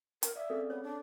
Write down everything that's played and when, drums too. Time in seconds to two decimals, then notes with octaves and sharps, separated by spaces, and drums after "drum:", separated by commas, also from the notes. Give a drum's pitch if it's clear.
0.23 A#4, drum: hi-hat
0.36 D5 E5 F5 D#6
0.50 C4 C#4 G#4 A4
0.70 B3 C#5
0.83 D4